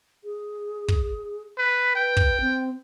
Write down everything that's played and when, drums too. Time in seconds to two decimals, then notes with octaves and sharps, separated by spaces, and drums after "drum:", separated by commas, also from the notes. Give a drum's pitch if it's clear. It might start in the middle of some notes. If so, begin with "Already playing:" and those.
0.24 G#4
0.88 drum: kick
1.58 B4
1.95 B4 G5
2.17 drum: kick
2.41 C4